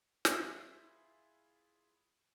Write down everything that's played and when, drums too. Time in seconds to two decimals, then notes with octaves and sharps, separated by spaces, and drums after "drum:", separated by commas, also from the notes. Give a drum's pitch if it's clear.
0.25 E4 F4 G#4 B4 E5, drum: snare